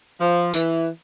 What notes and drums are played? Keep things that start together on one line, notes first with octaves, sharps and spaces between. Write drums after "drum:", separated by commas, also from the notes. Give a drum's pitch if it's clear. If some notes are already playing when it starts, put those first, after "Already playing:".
F3
E3, drum: tambourine